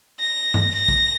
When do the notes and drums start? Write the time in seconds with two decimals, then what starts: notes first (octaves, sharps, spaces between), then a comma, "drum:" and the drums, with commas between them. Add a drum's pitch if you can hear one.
0.19 A#6
0.54 drum: tom G2
0.73 A#6
0.88 drum: kick